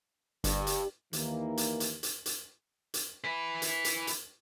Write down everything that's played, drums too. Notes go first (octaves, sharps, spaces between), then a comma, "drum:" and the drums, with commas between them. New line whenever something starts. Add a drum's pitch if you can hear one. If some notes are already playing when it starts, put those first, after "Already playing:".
G1 G2, drum: hi-hat
drum: hi-hat
D#2 D#3 E3 A#3, drum: hi-hat
drum: hi-hat
drum: hi-hat
drum: hi-hat
drum: hi-hat
drum: hi-hat
E4 B4
drum: hi-hat
drum: hi-hat
drum: hi-hat